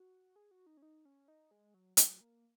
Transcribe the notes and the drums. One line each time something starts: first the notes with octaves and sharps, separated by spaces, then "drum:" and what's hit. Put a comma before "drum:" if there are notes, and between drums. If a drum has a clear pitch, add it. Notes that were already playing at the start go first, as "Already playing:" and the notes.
Already playing: F#4
G#4
F#4
D#4
C#4
D#4
C#4
D#4
G#3
F#3
F#3, drum: hi-hat
A#3